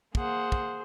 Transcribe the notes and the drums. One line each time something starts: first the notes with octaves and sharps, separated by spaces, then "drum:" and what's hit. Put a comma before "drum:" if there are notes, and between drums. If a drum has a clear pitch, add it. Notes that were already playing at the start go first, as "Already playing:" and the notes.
A#3 G#4 C5 F#5, drum: kick
drum: kick